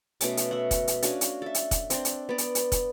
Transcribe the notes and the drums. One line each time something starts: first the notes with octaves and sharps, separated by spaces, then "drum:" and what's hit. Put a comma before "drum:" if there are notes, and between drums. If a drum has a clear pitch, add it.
B2 A3 C#4 D6, drum: hi-hat
drum: hi-hat
E5 F#5
drum: kick, hi-hat
drum: hi-hat
C#4 D4 F#4 F5, drum: hi-hat
drum: hi-hat
A4 E5
drum: hi-hat
drum: kick, hi-hat
C4 D4, drum: hi-hat
drum: hi-hat
B3 D5
drum: hi-hat
drum: hi-hat
drum: kick, hi-hat